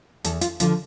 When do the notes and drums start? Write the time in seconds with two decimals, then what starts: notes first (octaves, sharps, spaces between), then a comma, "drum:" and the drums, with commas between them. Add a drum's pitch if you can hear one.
0.24 E2 A4, drum: hi-hat
0.41 F4, drum: hi-hat
0.60 D3 F3 F4, drum: hi-hat